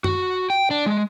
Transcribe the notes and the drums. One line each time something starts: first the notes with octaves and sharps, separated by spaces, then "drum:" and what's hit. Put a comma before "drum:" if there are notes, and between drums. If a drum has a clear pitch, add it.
F#4, drum: tom F#2
G5
D4
G#3